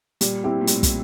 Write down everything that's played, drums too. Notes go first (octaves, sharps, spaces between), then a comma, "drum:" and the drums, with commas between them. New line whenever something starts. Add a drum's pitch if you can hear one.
A#2 G3, drum: hi-hat
C4 E4 G4
A#2
A2 G3, drum: hi-hat
drum: kick, hi-hat